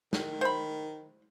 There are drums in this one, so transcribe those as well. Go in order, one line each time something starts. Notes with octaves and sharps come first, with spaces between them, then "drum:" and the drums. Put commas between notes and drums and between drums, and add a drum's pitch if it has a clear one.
D#3, drum: snare
C5 B5